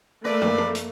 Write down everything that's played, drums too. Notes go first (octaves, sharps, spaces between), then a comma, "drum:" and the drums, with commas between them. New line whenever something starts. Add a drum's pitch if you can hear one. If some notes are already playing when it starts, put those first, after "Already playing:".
A3 A#3 B4 D5, drum: rim click
drum: tom
drum: tom
drum: hi-hat